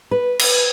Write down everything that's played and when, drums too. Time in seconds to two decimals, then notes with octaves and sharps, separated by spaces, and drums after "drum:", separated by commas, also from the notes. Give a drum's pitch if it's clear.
0.11 B4
0.39 drum: cymbal